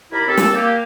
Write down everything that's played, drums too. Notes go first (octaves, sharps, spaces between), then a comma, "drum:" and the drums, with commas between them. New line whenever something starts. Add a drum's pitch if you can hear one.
D#2 E4 G4 A#4 B5
D#2 C4 G4 A4
drum: snare
A#3 G4